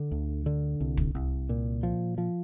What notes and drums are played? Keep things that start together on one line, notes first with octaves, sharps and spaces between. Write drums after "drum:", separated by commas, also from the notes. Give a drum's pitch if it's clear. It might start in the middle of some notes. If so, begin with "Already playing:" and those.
Already playing: D3
D2
D3
C2
drum: kick
C2
A#2
F3
F3